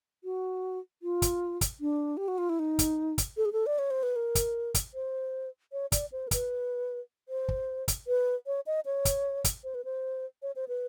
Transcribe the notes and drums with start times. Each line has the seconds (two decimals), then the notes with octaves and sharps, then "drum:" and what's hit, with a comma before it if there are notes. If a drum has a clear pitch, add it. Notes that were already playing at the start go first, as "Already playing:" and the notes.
0.24 F#4
1.03 F4
1.22 drum: kick, hi-hat
1.61 drum: kick, hi-hat
1.81 D4
2.17 G4
2.28 F#4
2.38 F4
2.49 E4
2.59 D#4
2.79 drum: kick, hi-hat
3.18 drum: kick, hi-hat
3.37 A4
3.45 G#4
3.53 A4
3.66 D5
3.79 C#5
3.91 C5
4.03 B4
4.16 A#4
4.35 drum: kick, hi-hat
4.75 drum: kick, hi-hat
4.94 C5
5.72 C#5
5.92 D5, drum: kick, hi-hat
6.12 C5
6.28 A#4
6.31 B4, drum: kick, hi-hat
7.29 C5
7.49 drum: kick
7.88 drum: kick, hi-hat
8.07 B4
8.47 C#5
8.67 D#5
8.86 C#5
9.05 drum: kick, hi-hat
9.44 drum: kick, hi-hat
9.64 C5
9.75 B4
9.85 C5
10.42 C#5
10.56 C5
10.68 B4